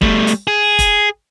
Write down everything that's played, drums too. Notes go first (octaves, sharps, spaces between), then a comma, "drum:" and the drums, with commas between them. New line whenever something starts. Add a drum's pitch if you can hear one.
G3 A3, drum: kick
drum: hi-hat
G#4
drum: kick, hi-hat